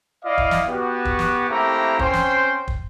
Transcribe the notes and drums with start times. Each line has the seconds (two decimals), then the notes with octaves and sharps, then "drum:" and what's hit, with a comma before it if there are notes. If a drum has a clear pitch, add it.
0.24 E4 D5 D#5 F5
0.38 drum: kick
0.51 drum: snare
0.67 B3 F#4 G4
1.05 drum: kick
1.19 drum: snare
1.49 A3 A#3 C4 E4 G4 A#5
1.99 C4 C#4 C5 G5 C6, drum: kick
2.13 drum: snare
2.68 drum: kick